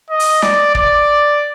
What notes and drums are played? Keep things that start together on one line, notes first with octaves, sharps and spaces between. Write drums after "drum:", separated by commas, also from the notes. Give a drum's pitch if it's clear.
D#5
drum: open hi-hat
D5, drum: snare
D5, drum: kick